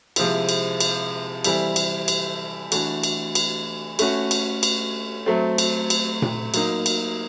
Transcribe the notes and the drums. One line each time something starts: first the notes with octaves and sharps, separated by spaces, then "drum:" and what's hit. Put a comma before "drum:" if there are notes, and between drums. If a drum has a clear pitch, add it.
C3 F3 G#3 C4 E4, drum: cymbal
drum: cymbal
drum: cymbal
E3 G3 C4 E4 A4, drum: cymbal
drum: cymbal
drum: cymbal
E3 A3 D4 F#4, drum: cymbal
drum: cymbal
drum: cymbal
A3 C#4 F#4, drum: cymbal
drum: cymbal
drum: cymbal
F#3 A3 C4
drum: cymbal
drum: cymbal
drum: tom A#2
F#3 A#3 D#4, drum: cymbal
drum: cymbal